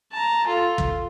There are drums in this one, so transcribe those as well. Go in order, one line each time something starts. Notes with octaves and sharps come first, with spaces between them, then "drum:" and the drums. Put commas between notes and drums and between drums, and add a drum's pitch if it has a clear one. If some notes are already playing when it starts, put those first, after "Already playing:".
A5 A#5
F4 A4
drum: kick